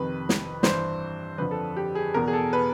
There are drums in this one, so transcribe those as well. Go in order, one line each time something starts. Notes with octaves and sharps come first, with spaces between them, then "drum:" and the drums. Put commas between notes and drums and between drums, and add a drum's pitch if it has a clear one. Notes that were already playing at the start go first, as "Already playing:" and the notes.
Already playing: F2 C3 D#3 B4
drum: snare
G2 E3 C5, drum: snare
F2 D3 F3 B4
A4
G4
G#4
E2 B2 A#4
G#4
A4
B4